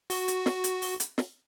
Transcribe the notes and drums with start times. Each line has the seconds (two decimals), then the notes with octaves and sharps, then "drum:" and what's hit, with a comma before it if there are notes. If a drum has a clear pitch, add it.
0.10 F#4, drum: open hi-hat
0.28 drum: hi-hat
0.46 drum: snare
0.64 drum: hi-hat
0.82 drum: open hi-hat
1.00 drum: hi-hat
1.18 drum: snare